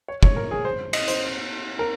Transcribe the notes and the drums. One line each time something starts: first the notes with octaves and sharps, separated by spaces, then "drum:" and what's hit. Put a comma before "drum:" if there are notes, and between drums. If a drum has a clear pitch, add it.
C#5
C#5, drum: kick
A#4
G#4
C5
D#5, drum: cymbal
C5, drum: hi-hat
A#4